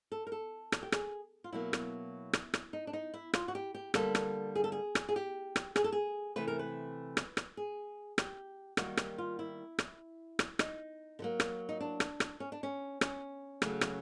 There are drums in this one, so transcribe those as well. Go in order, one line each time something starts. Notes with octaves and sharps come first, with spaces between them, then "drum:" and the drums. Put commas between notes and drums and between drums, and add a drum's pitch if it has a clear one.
A4
A#4
A4
drum: rim click
G4
G#4, drum: rim click
F4
B2 F#3 A#3 E4
drum: rim click
drum: rim click
drum: rim click
D#4
D4
D#4
E4
F4, drum: rim click
F#4
G4
G4
D3 G3 A#3 A4, drum: rim click
drum: rim click
G#4
A4
G#4
drum: rim click
G#4
G4
drum: rim click
G#4, drum: rim click
A4
G#4
C3 E3 A3 B4
A#4
B4
drum: rim click
drum: rim click
G#4
G4, drum: rim click
D#3 G3 A#3 F#4, drum: rim click
G4, drum: rim click
F4
E4
drum: rim click
drum: rim click
D#4, drum: rim click
D3
F#3 A#3
drum: rim click
D#4
D4
drum: rim click
drum: rim click
C#4
D4
C#4
C#4, drum: rim click
C#3 F#3 A3, drum: rim click
drum: rim click